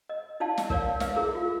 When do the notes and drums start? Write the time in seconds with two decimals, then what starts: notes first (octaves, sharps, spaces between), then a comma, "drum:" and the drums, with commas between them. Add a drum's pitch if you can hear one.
0.09 D#5
0.40 D#4 E4 D5 F5 A5
0.57 drum: snare
0.70 A#4 C#5 D5 F5, drum: kick
1.00 B4 E5 F5, drum: snare
1.16 E4 G#4 A#4
1.35 F4